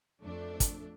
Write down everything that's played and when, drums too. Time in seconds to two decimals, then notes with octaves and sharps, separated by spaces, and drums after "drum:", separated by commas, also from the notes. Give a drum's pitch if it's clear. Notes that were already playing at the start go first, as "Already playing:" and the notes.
0.22 F2 A3 D4
0.60 drum: kick, hi-hat